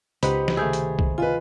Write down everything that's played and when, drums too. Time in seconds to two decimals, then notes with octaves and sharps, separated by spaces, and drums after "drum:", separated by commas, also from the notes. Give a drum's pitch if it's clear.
0.23 C#2 D#4 G4 B4 C5 F#5 B5, drum: hi-hat
0.48 drum: snare
0.57 C3 D#3 A3 G#4
0.73 drum: hi-hat
0.99 drum: kick C2
1.18 F4 B4 D#5 G#5